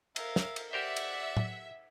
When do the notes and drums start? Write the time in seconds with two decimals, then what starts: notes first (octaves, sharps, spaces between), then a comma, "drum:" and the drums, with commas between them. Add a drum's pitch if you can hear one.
0.16 A#4 E5 F5, drum: cymbal
0.36 drum: snare
0.56 drum: cymbal
0.73 G4 A#4 C5 D5 E5 F#5
0.96 drum: cymbal
1.37 drum: tom A2